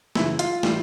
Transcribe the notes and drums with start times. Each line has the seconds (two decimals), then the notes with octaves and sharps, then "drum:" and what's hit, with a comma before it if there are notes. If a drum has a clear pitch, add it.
0.15 F#2 C#3 E3 E4, drum: snare
0.39 F4, drum: hi-hat
0.63 A2 E3 G3, drum: snare